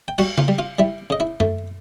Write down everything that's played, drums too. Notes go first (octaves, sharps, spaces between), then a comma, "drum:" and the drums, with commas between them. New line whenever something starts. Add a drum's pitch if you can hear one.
G5
G3 F#4 F#5, drum: cymbal
F4 F5, drum: tom C#3
G3
F4 F5
G3 E4 E5
C#3 D#5
E4 E5
A3, drum: tom F#2